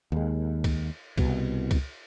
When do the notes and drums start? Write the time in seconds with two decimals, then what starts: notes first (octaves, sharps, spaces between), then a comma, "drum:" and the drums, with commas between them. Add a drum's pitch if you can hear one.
0.12 D#2 G#3
0.64 drum: kick C#2, cymbal
1.18 C2 B2, drum: kick C#2, cymbal
1.71 drum: kick C#2, cymbal